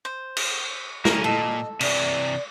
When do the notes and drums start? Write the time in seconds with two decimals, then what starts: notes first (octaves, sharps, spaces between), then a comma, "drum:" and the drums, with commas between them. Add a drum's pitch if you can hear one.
0.05 C5
0.37 drum: cymbal
1.05 A#3 C#4 A#4, drum: snare
1.24 A#2 A4 D#5
1.81 C3 E3 D5, drum: cymbal